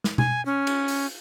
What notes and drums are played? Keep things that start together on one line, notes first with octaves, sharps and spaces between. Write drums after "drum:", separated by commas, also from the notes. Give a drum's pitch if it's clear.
drum: snare
G#5, drum: tom B2
C#4
drum: cymbal
drum: open hi-hat